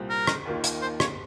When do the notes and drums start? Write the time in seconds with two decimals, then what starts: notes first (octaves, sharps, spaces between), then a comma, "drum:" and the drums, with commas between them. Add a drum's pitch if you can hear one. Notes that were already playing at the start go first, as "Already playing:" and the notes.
Already playing: C2 A#2 G3 C4
0.10 A#4
0.27 drum: rim click
0.45 D#2 D#3 A#3 F4
0.64 drum: hi-hat
0.82 C5
1.00 C#5, drum: rim click